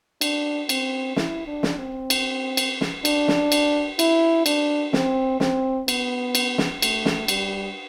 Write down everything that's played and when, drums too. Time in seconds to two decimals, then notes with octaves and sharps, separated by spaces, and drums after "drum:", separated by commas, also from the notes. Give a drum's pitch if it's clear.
0.21 D4, drum: cymbal
0.69 C4, drum: cymbal
1.16 E4, drum: snare
1.48 D4
1.63 drum: snare
1.78 C4
2.10 drum: cymbal
2.57 drum: cymbal
2.81 drum: snare
3.05 D4, drum: cymbal
3.28 drum: snare
3.52 drum: cymbal
3.99 E4, drum: cymbal
4.46 D4, drum: cymbal
4.93 C4, drum: snare
5.40 C4, drum: snare
5.88 B3, drum: cymbal
6.35 drum: cymbal
6.58 drum: snare
6.82 A3, drum: cymbal
7.05 drum: snare
7.28 G3, drum: cymbal